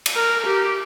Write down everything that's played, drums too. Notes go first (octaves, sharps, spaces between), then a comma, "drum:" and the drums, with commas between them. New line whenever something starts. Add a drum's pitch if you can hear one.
drum: cymbal
A#4
G4